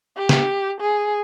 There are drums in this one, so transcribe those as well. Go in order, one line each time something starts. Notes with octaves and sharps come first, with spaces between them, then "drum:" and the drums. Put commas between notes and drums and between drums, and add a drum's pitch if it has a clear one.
G4
drum: snare
G#4